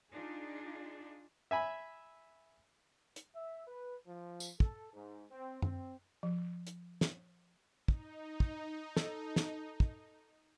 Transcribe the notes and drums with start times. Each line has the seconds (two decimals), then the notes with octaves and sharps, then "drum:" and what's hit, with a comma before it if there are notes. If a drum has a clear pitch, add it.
0.13 D4 D#4 F4 G#4
1.51 E5 G#5 B5
3.16 drum: hi-hat
3.35 E5
3.68 B4
4.07 F3
4.40 drum: tambourine
4.60 A4, drum: kick
4.94 G#2
5.31 C4
5.62 C4, drum: tom F#2
6.23 F3
6.67 drum: hi-hat
7.01 drum: snare
7.88 D#4, drum: kick
8.40 drum: kick
8.97 A4, drum: snare
9.36 drum: snare
9.80 drum: kick